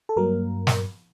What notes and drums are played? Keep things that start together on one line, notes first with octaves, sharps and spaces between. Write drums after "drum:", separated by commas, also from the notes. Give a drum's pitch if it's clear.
A4
G2 F#3 A#3 A#4
drum: snare